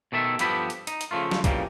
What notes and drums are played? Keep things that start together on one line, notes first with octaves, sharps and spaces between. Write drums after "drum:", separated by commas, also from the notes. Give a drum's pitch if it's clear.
B2 D#3 A4 E5
G2 F3 B3 G4 A4 B5, drum: hi-hat
drum: hi-hat
D#4, drum: hi-hat
drum: hi-hat
C#3 F3 A3 F4
drum: snare
F2 C#3 E3 G3 A#3, drum: kick C2, hi-hat